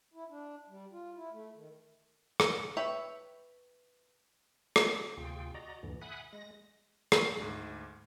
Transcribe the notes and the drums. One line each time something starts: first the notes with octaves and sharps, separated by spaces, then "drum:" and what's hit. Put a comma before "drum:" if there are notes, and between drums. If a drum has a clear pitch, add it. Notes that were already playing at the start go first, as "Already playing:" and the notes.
E4
D4
G3
F4
E4
A3
D#3
drum: rim click
B4 C#5 E5 G5 B5
drum: rim click
D2 C3 F4 G#4 G5
F#4 D5 D#5 A#5
D2 G2 A#2 D3 E3
E5 F#5 G#5 B5 D#6 F#6
G#3 A#6
drum: rim click
D2 G#2